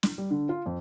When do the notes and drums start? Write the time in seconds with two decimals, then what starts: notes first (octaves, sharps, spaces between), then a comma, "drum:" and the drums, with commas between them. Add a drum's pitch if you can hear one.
0.03 drum: snare
0.18 G3
0.31 D3
0.49 F4
0.66 F2